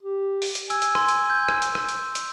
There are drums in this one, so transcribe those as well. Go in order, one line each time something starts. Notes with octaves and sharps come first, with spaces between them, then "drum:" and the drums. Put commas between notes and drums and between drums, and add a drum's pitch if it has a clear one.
G4
drum: open hi-hat
drum: hi-hat
G#5 E6, drum: hi-hat
drum: hi-hat
C6, drum: rim click
drum: hi-hat
G6
drum: rim click
drum: hi-hat
drum: rim click
drum: hi-hat
drum: hi-hat